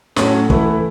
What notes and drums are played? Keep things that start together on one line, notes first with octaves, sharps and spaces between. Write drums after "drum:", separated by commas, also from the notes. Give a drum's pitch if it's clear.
A2 F#3 C#4 F#4 A4, drum: snare
E3 A3 E4 B4, drum: kick